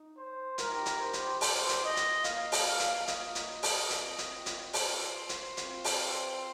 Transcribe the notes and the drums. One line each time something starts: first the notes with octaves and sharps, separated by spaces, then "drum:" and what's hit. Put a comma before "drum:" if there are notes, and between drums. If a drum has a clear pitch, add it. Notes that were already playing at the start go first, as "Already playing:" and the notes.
Already playing: D#4
C5
G3 D#4 G4 A#4, drum: hi-hat
drum: hi-hat
C5
drum: hi-hat
C5, drum: open hi-hat
drum: hi-hat
D#5
drum: hi-hat
A#3 F4 F5, drum: hi-hat
drum: open hi-hat
drum: hi-hat
D#5, drum: hi-hat
drum: hi-hat
drum: open hi-hat
C4 F4, drum: hi-hat
drum: hi-hat
drum: hi-hat
C5, drum: open hi-hat
drum: hi-hat
C4 F4, drum: hi-hat
drum: open hi-hat